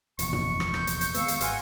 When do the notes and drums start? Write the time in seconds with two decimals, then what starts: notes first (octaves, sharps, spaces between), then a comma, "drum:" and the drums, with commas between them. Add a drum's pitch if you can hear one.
0.19 F1 A#1 E2 C#6, drum: hi-hat
0.33 drum: tom
0.60 drum: rim click
0.74 G6, drum: rim click
0.87 drum: hi-hat
1.01 drum: hi-hat
1.14 D#3 G#3 B3 F5 E6, drum: hi-hat
1.28 drum: hi-hat
1.41 G#1 F#4 F5 G#5 C6, drum: hi-hat